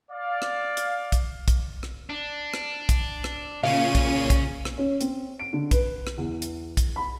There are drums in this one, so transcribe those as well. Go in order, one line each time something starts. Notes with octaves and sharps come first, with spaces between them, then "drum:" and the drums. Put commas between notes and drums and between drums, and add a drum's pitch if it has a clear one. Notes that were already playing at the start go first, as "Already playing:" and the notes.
D5 F5
drum: rim click
drum: hi-hat
drum: kick, hi-hat
drum: kick, hi-hat
drum: rim click
D4
drum: rim click
drum: kick, hi-hat
drum: rim click
A#2 C#3 C#4 F5 D#7
drum: kick, hi-hat
drum: kick, hi-hat
drum: rim click
C#4
C4, drum: hi-hat
D7
D3
B4, drum: kick, hi-hat
drum: rim click
E2
drum: hi-hat
drum: kick, hi-hat
B5